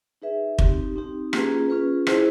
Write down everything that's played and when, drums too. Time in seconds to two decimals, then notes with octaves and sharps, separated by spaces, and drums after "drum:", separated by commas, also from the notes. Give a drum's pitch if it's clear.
0.22 D#4 G#4 B4 E5
0.59 C4 D#4 G4, drum: kick
0.96 C4 D#4 G4
1.33 A#3 C#4 F4 G#4 B4, drum: rim click
1.70 A#3 C#4 F4 G#4 B4
2.07 E4 G#4 C5 D#5, drum: rim click